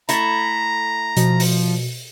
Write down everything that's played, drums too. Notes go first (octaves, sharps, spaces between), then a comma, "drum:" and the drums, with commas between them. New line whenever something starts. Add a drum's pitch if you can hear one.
A3 E4 A#5, drum: hi-hat
B2 F3, drum: hi-hat
drum: open hi-hat